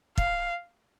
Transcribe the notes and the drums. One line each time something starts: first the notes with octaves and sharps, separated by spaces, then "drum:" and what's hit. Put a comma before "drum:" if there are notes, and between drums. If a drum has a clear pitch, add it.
F5, drum: kick